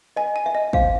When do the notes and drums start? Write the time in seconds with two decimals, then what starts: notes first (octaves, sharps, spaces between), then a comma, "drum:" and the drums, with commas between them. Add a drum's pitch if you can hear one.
0.17 D#5 G#5
0.36 G#5
0.46 E5
0.55 D#5
0.73 C5 F5, drum: kick